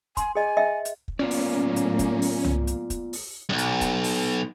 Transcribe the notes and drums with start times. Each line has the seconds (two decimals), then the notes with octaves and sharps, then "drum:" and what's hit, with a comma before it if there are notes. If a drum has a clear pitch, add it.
0.17 G#5 C6, drum: kick, hi-hat
0.35 G#4 D#5 G#5
0.57 D#5 E5 G5
0.85 drum: hi-hat
1.08 drum: kick
1.19 A2 F#3 A#3 B3 C#4 F4 D5
1.31 drum: open hi-hat
1.76 drum: hi-hat
1.99 drum: kick, hi-hat
2.22 drum: open hi-hat
2.45 drum: tom C2
2.67 drum: hi-hat
2.90 drum: kick, hi-hat
3.13 drum: open hi-hat
3.49 B1 G2
3.58 drum: hi-hat
3.81 drum: kick, hi-hat
4.04 drum: open hi-hat